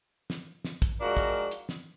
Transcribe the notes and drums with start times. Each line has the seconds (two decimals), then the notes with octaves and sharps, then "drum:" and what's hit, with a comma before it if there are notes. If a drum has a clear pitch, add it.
0.30 drum: snare
0.65 drum: snare
0.82 drum: kick, hi-hat
0.99 F3 G#3 D4 F#4 A#4
1.17 drum: kick, hi-hat
1.51 drum: hi-hat
1.69 drum: snare